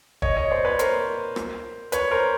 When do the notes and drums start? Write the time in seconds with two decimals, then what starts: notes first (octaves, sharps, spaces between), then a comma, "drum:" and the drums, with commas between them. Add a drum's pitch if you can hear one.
0.22 C#5 D#5, drum: kick
0.36 C#5 D#5
0.51 C5 D5
0.65 B4 C#5
0.79 A#4 C5, drum: hi-hat
1.36 drum: rim click
1.92 B4 C#5, drum: hi-hat
2.11 A#4 C5